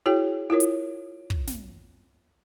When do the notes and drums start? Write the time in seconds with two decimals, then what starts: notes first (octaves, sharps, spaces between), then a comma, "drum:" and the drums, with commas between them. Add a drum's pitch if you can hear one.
0.06 E4 F#4 G#4 C#5 G5
0.50 E4 F4 A#4 C#5
0.60 drum: hi-hat
1.30 drum: kick
1.47 drum: snare